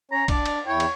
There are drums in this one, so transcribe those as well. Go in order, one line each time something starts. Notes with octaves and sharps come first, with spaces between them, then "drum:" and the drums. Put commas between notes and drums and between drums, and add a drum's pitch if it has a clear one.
C#4 C#5 A#5
D4 D5, drum: kick, cymbal
drum: cymbal
E2 E4 C#5 G5
drum: cymbal